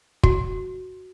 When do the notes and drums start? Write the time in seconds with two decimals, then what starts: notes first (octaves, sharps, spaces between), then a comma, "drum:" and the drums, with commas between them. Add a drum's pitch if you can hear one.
0.23 F#4, drum: kick